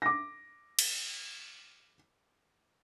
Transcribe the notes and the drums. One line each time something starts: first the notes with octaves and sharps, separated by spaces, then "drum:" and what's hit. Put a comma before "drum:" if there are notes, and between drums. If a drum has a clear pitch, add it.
D6 A#6
drum: cymbal